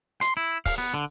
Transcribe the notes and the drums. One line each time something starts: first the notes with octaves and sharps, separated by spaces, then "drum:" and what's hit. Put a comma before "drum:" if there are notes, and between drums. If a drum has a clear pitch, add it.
C6, drum: hi-hat
E4
F5, drum: kick, open hi-hat
B3
D3